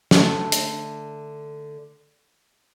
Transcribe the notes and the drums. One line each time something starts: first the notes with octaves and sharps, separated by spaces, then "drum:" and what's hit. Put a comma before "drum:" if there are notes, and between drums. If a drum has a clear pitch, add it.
D3 A3 D4, drum: snare
drum: hi-hat